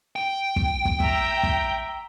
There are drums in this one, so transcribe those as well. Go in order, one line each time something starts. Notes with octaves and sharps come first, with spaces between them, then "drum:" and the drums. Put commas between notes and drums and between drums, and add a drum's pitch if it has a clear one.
G5
drum: kick
drum: kick
E5 A#5, drum: kick
drum: kick